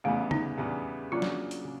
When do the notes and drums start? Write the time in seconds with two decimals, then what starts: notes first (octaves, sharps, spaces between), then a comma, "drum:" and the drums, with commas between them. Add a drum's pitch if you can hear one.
0.04 E2 C#3 E3 G3 A3 B3
0.31 D#4, drum: tom C#3
0.58 E2 C#3 E3 G3 B3
1.12 C#3 F#3 A#3 D4 F4
1.22 drum: snare
1.51 drum: hi-hat
1.65 C#3